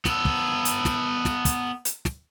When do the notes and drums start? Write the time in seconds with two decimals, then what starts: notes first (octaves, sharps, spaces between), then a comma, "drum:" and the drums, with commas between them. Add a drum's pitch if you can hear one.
0.05 B3 A4, drum: snare
0.25 drum: kick
0.65 drum: hi-hat
0.85 drum: snare
1.25 drum: snare
1.45 drum: kick, hi-hat
1.85 drum: hi-hat
2.05 drum: snare